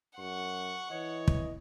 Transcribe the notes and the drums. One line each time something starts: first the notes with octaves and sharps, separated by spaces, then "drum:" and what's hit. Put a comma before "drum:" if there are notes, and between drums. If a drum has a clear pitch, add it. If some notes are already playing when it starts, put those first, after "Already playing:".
F#2 F#5 C#6
E3 C#5 D#5
drum: kick